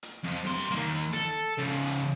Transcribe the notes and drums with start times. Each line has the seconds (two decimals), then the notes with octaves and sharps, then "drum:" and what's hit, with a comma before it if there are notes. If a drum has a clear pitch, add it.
0.03 drum: hi-hat
0.24 F2 F3
0.46 G2 C6
0.71 D#3 A#3
1.13 A4, drum: hi-hat
1.58 C#3 F3
1.87 drum: hi-hat